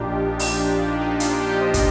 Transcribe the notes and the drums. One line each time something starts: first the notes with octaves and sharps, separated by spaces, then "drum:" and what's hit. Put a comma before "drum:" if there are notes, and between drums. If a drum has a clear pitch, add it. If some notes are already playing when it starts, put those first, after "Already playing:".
Already playing: A#1 A#2 F3 D4 D#4 F4 G4
D#4, drum: open hi-hat
D4
D4
D#4
D4 F4, drum: hi-hat
D#4 G4
C5 D#5
drum: kick, hi-hat